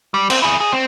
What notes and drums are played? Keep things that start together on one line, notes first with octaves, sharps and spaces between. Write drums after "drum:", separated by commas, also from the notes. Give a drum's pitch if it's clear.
G3
C4, drum: cymbal
E4 G#4
G#4
C4